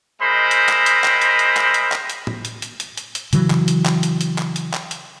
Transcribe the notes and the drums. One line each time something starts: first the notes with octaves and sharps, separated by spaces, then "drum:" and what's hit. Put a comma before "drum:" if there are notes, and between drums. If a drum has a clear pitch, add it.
G#3 A#4 C5 D#5 E5 B5
drum: hi-hat
drum: clap
drum: hi-hat
drum: clap
drum: hi-hat
drum: hi-hat
drum: clap
drum: hi-hat
drum: clap
drum: hi-hat
drum: tom A2
drum: hi-hat
drum: hi-hat
drum: hi-hat
drum: hi-hat
drum: hi-hat
C#3 E3 F#3, drum: hi-hat
drum: clap
drum: hi-hat
drum: clap
drum: hi-hat
drum: hi-hat
drum: clap
drum: hi-hat
drum: clap
drum: hi-hat